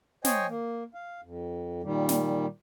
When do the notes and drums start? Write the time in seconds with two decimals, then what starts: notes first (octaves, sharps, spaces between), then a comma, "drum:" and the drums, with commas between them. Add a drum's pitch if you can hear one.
0.25 C5 C#5 D#5 G5 G#5, drum: snare
0.48 A#3
0.94 F5
1.23 F2
1.83 A#2 D#3 G3
2.09 drum: snare